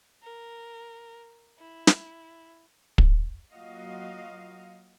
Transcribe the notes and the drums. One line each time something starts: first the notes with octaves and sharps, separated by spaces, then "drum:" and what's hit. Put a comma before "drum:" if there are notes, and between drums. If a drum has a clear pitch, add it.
A#4
E4
drum: snare
drum: kick
F#3 A#3 F4 F#4 D#5 F5